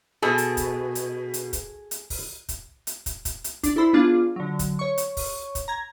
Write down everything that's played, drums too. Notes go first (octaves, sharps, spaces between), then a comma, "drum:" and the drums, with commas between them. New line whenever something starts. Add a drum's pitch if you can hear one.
B2 G#4 A4
drum: hi-hat
drum: kick, hi-hat
drum: hi-hat
drum: hi-hat
drum: kick, hi-hat
drum: hi-hat
drum: kick, open hi-hat
drum: kick, hi-hat
drum: hi-hat
drum: kick, hi-hat
drum: kick, hi-hat
drum: hi-hat
D4 D5, drum: kick, hi-hat
E4 A4 C5 B5 E6
B3 D4 F4 G#4
D3 F#3
drum: kick, hi-hat
C#5 C#6
drum: hi-hat
drum: kick, open hi-hat
drum: kick, hi-hat
A#5 G#6